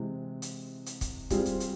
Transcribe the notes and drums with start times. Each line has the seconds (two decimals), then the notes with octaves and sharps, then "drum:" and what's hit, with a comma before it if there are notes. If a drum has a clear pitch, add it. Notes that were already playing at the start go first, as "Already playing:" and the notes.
Already playing: C3 E3 G#3
0.42 drum: hi-hat
0.86 drum: hi-hat
1.01 drum: kick, hi-hat
1.30 G3 C4 F4 G#4 C5, drum: kick, hi-hat
1.45 drum: hi-hat
1.60 drum: hi-hat